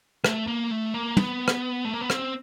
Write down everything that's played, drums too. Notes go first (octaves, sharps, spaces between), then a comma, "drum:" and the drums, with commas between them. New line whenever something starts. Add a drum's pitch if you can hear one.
A3, drum: rim click
A#3
A3
A#3
B3, drum: tom
drum: rim click
A3
A#3
B3
C4, drum: rim click